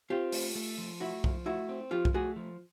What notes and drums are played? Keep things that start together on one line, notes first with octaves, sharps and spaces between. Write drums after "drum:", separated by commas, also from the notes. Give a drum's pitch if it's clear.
C4 F4 G4
A3, drum: open hi-hat
A3
F3
A3 E4 F#4
F3, drum: kick B1
A3 E4 F#4
C4
F3 F4 G4
drum: kick B1
A3 F#4 G#4
F3